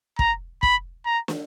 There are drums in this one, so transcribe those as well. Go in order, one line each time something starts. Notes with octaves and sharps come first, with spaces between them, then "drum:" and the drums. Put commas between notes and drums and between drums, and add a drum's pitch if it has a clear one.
A#5, drum: kick
B5, drum: kick
A#5
drum: snare